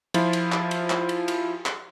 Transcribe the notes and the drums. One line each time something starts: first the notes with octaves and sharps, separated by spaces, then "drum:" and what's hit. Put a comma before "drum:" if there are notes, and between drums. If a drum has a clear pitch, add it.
F3 E4 F4, drum: cymbal
drum: cymbal
drum: clap
drum: cymbal
drum: clap
drum: cymbal
drum: cymbal
drum: clap